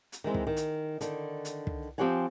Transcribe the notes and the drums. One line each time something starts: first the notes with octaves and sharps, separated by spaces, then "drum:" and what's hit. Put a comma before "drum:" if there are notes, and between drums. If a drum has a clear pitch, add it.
drum: hi-hat
D#3 E3 G#3 C4
drum: kick
D#3
drum: hi-hat
D3 D#3, drum: hi-hat
drum: hi-hat
drum: kick
F3 C4 G4 C#5 F#5 G#5